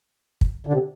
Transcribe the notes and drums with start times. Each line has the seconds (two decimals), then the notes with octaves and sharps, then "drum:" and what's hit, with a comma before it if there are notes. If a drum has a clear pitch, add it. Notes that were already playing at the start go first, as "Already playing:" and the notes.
0.41 drum: kick
0.67 D3
0.73 C3